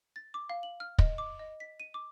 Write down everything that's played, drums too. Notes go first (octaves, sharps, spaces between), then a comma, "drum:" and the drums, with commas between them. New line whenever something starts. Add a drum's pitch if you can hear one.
A6
D6
F5
F#7
F6
D#5, drum: kick
D6
D#5
B6
D#7
D6